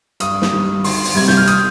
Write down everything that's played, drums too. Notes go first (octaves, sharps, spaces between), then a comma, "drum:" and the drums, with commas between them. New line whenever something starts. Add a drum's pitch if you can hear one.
G2 D#6, drum: hi-hat
drum: snare
D#3 G3
D2 C6, drum: open hi-hat
drum: open hi-hat
C3 G3 G#6
G6, drum: snare
F6
D#6, drum: hi-hat